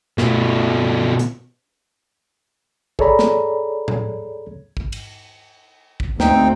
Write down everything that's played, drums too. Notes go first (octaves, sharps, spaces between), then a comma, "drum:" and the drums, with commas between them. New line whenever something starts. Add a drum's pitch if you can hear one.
B2 A3, drum: snare
drum: hi-hat
G#4 A4 C#5 D5 A#5 B5, drum: kick
drum: snare
drum: tom A2
drum: kick
drum: cymbal
drum: kick
D2 C4 D#4 G5, drum: snare